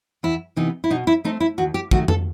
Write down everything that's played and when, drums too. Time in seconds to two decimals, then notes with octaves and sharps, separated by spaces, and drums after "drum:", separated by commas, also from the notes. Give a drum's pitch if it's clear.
0.23 E2 E4
0.56 C3 E3 B3 D#4
0.84 E4
0.91 B2 D#4
1.07 E4
1.24 A3 C4 D#4
1.40 E4
1.58 D#2 F#4
1.74 G4
1.91 D#3 F#3 A3 F#4, drum: kick
2.08 A4, drum: tom F2